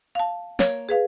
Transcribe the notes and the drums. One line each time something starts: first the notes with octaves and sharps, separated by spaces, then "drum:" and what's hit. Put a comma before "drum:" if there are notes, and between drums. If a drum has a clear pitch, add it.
F5 A5
A#3 C#5, drum: snare
G#4 B4 F5